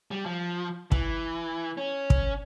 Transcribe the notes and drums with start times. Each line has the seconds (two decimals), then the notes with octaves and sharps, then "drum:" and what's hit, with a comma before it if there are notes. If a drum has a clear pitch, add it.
0.11 G3
0.26 F3
0.92 E3, drum: kick
1.77 C#4
2.10 drum: kick